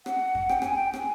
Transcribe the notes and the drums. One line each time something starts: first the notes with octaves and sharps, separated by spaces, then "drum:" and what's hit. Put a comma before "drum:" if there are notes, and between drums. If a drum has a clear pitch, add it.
F#5, drum: rim click
drum: kick F2
G5, drum: rim click
G#5, drum: rim click
G5
G#5, drum: rim click